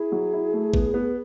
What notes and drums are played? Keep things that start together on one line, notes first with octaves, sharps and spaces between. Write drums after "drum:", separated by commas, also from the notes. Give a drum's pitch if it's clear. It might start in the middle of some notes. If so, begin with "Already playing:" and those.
Already playing: E4 G#4
F#3
E4
A3
B3, drum: kick A1
B3